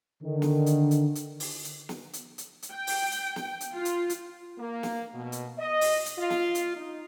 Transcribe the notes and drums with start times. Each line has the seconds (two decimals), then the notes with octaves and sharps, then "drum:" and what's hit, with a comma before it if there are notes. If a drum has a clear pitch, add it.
0.22 D3 D#3
0.42 drum: snare
0.66 drum: hi-hat
0.91 drum: hi-hat
1.15 drum: hi-hat
1.40 drum: open hi-hat
1.64 drum: hi-hat
1.89 drum: snare
2.13 drum: hi-hat
2.38 drum: hi-hat
2.62 drum: hi-hat
2.73 G5
2.87 drum: open hi-hat
3.11 drum: hi-hat
3.36 drum: snare
3.61 drum: hi-hat
3.73 F4
3.85 drum: hi-hat
4.10 drum: hi-hat
4.59 A#3
4.83 drum: snare
5.14 B2
5.32 drum: hi-hat
5.59 D#5
5.81 drum: open hi-hat
6.06 drum: hi-hat
6.18 F4
6.30 drum: snare
6.55 drum: hi-hat
6.76 D#4